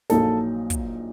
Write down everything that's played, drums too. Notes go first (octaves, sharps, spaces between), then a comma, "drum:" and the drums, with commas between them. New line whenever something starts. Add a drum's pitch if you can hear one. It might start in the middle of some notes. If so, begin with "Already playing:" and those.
A#1 A#2 F#3 A#3 D#4 A4, drum: snare
drum: kick, hi-hat